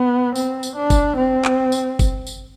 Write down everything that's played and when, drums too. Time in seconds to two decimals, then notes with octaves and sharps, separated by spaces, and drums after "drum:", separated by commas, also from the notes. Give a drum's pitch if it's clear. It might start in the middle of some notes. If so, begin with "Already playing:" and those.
Already playing: B3
0.35 C4, drum: tambourine
0.63 drum: tambourine
0.76 D4
0.90 drum: kick, tambourine
1.17 C4
1.45 drum: clap
1.72 drum: tambourine
1.99 drum: kick, tambourine
2.27 drum: tambourine